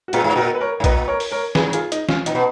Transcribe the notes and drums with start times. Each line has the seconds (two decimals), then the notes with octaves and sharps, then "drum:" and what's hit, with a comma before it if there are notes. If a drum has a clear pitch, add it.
0.08 F#4
0.13 A#2 F4 G#4, drum: hi-hat
0.24 G#2
0.36 A#2 F#4 A#4
0.55 B4
0.61 A#4 C#5
0.80 G#2
0.84 A#2 B4 D#5, drum: kick, hi-hat
1.08 A#4 C#5
1.20 drum: open hi-hat
1.32 A#4 C#5
1.55 G#2 G#4 B4, drum: snare
1.73 F4 G#4, drum: hi-hat
1.92 D#4, drum: hi-hat
2.09 C#4 F4, drum: snare
2.26 A#2 D#4, drum: hi-hat
2.35 B2